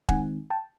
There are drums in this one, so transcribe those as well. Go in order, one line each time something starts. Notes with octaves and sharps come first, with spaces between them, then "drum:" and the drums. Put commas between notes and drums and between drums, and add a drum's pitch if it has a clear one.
D#3 G#3 C4 D#4 F#5 G#5, drum: kick E1
G5 A5